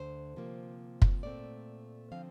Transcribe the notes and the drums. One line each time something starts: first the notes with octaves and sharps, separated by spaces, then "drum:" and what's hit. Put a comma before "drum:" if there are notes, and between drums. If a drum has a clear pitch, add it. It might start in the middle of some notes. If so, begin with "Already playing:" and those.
Already playing: D2 D3 A3 C5
C3 F3 A#3
drum: kick
A#2 A3 C4 D5
D3 F3 C4 F5